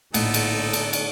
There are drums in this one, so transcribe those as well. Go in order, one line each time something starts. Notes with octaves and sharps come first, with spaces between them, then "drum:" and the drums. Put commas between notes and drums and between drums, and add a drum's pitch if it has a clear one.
A#1 A2 D3 A3 B3 D#4 A4 F#5, drum: cymbal
drum: cymbal
drum: cymbal
drum: cymbal